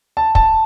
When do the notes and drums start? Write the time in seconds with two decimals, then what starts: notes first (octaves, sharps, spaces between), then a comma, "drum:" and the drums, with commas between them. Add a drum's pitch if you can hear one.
0.17 A5
0.35 A5, drum: kick